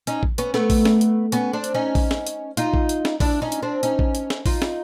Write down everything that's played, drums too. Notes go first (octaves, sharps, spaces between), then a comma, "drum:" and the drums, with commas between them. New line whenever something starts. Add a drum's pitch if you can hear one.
C#4 D#4, drum: hi-hat
drum: kick A1
B3 C#4, drum: hi-hat
A3 B3, drum: snare
drum: kick A1, open hi-hat
drum: snare
drum: hi-hat
B3 C#4, drum: hi-hat
C4 D4
drum: hi-hat
C#4 D#4
drum: kick A1, open hi-hat
drum: snare
drum: hi-hat
D#4 F4, drum: hi-hat
drum: kick A1
drum: hi-hat
drum: snare
D4 E4, drum: kick A1, open hi-hat
C#4 D#4
drum: hi-hat
C4 D4
C#4 D#4, drum: hi-hat
drum: kick A1
drum: hi-hat
drum: snare
D#4 F4, drum: kick A1, open hi-hat
drum: snare